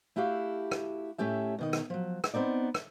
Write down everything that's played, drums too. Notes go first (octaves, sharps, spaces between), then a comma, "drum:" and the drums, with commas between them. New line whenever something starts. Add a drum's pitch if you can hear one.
A3 E4 F#4 G4 F5
drum: rim click
A2 A3 C#4 G4 E5
B2 D#3 D#5
drum: rim click
F3 F#3
drum: rim click
B3 C4 D#4 D5
drum: rim click